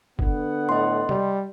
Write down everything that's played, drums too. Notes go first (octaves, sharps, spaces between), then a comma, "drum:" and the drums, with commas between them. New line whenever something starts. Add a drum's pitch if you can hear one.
D3 B3 F#5, drum: kick
A2 D#5 C6
G3, drum: tom C3